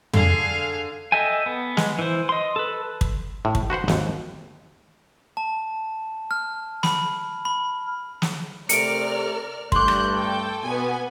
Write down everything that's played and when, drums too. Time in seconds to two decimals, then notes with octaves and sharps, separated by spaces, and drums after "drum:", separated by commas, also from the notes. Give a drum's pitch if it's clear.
0.13 D3 G#4 F5, drum: tom
1.12 A4 D#5 E5 G5 G#5
1.46 B3
1.77 G#3, drum: snare
1.99 E3 C5
2.29 D#5 C6
2.56 A4 B4
3.01 drum: kick
3.45 A2
3.55 drum: kick
3.70 F#4 B4 C5 F#5
3.88 G#1 D#2, drum: snare
5.37 A5
6.31 F6
6.83 B5, drum: snare
7.45 B5
8.22 drum: snare
8.69 C3 A3 A#4 D5 F6 C#7 D7, drum: hi-hat
9.72 G2 A3 C6 D6 F#6 G6, drum: kick
9.88 drum: rim click
10.16 A4 G5
10.63 B2 B3 G#5